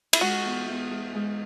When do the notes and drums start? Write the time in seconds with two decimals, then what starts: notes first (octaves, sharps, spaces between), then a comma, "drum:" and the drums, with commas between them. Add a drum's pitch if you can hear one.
0.13 E4, drum: cymbal
0.21 G#3 F#4
0.45 E2
0.69 E2
0.91 G#3
1.15 G#3